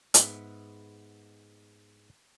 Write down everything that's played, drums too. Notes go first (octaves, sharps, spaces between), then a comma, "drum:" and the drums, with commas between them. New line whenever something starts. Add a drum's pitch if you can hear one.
G#2 B3 E5, drum: hi-hat